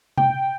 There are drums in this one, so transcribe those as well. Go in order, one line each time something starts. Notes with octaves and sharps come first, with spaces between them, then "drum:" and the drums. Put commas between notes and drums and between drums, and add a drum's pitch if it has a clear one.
G5, drum: tom C3